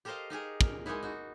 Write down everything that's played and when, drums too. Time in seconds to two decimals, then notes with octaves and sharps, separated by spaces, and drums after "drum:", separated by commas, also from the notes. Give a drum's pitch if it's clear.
0.05 G4 A4 A#4 C5 D#5 F5
0.30 D#4 G4 G#4 A#4
0.61 A#2 A#4, drum: kick
0.86 G#3 A#3 B3 D#4 E4
1.03 D#4 F#4